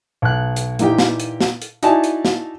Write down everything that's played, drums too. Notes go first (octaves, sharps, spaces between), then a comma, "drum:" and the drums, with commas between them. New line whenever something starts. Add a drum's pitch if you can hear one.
B1 F#6
drum: hi-hat
A#2 E3 D#4 G4 G5, drum: hi-hat
drum: snare
drum: hi-hat
drum: snare
drum: hi-hat
D#4 E4 F#4 D5 G#5 A5, drum: hi-hat
drum: hi-hat
drum: snare